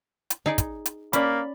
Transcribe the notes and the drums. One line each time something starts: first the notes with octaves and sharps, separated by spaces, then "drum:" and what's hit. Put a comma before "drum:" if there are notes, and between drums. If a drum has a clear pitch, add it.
drum: hi-hat
D#4 G#4 D5
drum: kick, hi-hat
drum: hi-hat
A#3 C#4 D5 B5, drum: hi-hat